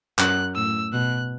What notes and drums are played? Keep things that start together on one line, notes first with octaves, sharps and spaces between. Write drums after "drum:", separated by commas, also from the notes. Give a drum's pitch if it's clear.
F#2 F#6, drum: clap
A2 E6
B2 F#6